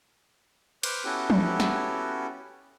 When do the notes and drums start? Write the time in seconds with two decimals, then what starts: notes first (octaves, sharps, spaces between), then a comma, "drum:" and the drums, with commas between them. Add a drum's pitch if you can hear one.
0.83 B4 C5 D6 F6 G6, drum: cymbal
1.05 B3 C#4 E4 F#4 G4 A4
1.30 drum: tom
1.60 drum: snare